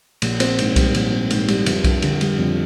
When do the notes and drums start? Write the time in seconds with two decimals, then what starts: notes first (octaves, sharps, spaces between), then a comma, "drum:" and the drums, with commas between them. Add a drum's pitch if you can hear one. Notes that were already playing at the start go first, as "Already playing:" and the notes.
0.22 A#1, drum: cymbal
0.40 C4, drum: cymbal
0.59 G#2, drum: cymbal
0.76 G3, drum: kick B1, cymbal
0.95 A#1, drum: cymbal
1.12 C4
1.31 G#2, drum: cymbal
1.48 G3, drum: cymbal
1.66 F2, drum: cymbal
1.84 D4, drum: kick B1, cymbal
2.02 D3, drum: cymbal
2.21 G3, drum: cymbal
2.39 F2